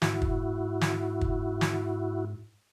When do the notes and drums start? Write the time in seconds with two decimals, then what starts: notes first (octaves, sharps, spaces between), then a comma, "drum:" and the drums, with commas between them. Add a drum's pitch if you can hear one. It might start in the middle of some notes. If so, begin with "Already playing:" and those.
0.02 G#2 E4 F#4, drum: snare
0.22 drum: kick
0.81 drum: snare
1.21 drum: kick
1.61 drum: snare